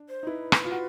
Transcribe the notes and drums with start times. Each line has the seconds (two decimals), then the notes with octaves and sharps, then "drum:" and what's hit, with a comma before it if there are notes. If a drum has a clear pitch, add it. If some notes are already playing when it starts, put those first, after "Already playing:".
Already playing: D4
0.09 C5
0.23 D#4
0.27 E4 B4
0.52 drum: rim click
0.65 F4
0.71 F#4